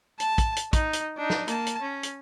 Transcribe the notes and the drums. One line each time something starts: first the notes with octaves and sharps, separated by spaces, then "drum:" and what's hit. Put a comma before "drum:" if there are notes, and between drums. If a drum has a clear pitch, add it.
A5, drum: hi-hat
drum: kick, hi-hat
drum: hi-hat
D#4, drum: kick, hi-hat
drum: hi-hat
D4 D#4
drum: snare
A#3 A5, drum: hi-hat
drum: hi-hat
C#4
drum: hi-hat